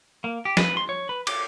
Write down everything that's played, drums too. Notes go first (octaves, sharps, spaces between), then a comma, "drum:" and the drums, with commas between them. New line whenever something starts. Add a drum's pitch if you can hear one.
A#3
G4
B4, drum: snare
C6
C#5
B4
D6, drum: cymbal